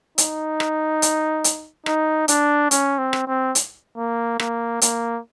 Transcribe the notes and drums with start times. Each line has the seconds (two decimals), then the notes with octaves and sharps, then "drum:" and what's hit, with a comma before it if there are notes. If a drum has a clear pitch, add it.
0.18 D#4, drum: hi-hat
0.60 drum: rim click
1.02 drum: hi-hat
1.44 drum: hi-hat
1.86 D#4, drum: rim click
2.28 D4, drum: hi-hat
2.71 C#4, drum: hi-hat
2.98 C4
3.13 drum: rim click
3.27 C4
3.55 drum: hi-hat
3.97 A#3
4.39 A#3, drum: rim click
4.82 A#3, drum: hi-hat